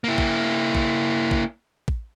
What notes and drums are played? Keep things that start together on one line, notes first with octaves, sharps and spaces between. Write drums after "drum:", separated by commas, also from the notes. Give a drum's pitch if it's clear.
A#3 E4
drum: kick
drum: kick
drum: kick
drum: kick